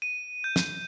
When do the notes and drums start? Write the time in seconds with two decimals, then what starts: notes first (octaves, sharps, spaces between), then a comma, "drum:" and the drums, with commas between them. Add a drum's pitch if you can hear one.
0.02 D#7
0.44 G6
0.56 drum: snare